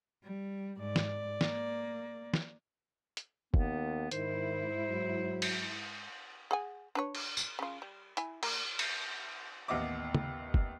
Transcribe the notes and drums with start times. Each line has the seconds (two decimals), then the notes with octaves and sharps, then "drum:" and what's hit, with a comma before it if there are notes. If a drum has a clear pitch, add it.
0.23 G3
0.79 G#2 D5
0.96 drum: snare
1.41 A#3, drum: snare
2.34 drum: snare
3.17 drum: hi-hat
3.54 D#2 B3, drum: kick F#1
4.11 G#2 D#3 E4 C5, drum: hi-hat
4.89 F#3
5.42 drum: cymbal
6.51 G#4 F#5 G#5
6.95 D4 B4 C#5
7.15 drum: cymbal
7.37 drum: tambourine
7.59 C#3 F4
7.82 G3
8.17 E4 G#5, drum: hi-hat
8.43 A#3, drum: cymbal
8.79 drum: cymbal
9.68 A1 D#2 B3 D#5 E5 D6
10.15 drum: tom
10.54 drum: kick F#1